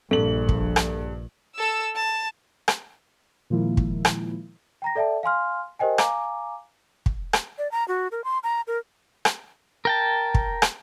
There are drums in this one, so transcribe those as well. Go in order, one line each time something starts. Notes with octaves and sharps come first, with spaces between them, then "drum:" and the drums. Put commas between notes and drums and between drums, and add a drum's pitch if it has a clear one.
A#1 G2 A4 F#7
drum: kick
drum: rim click
A4 E6
A5
drum: rim click
A#2 D#3 F3 G#3 A#3 E4
drum: kick
drum: rim click
G5 A#5 A#6
A4 D5 E5 G5 A5
F5 G#5 C6 F6
G4 A#4 C5 D#5 G5 G#5
F5 G#5 A#5 D6, drum: rim click
drum: kick
drum: rim click
D5
A#5
F#4
A#4
C6
A#5
A#4
drum: rim click
A#4 G5 A5
drum: kick
drum: rim click